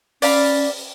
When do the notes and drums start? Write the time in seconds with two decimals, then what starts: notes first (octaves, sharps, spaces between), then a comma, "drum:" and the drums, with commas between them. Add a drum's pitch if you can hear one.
0.22 C#4 D5 F5 B5, drum: open hi-hat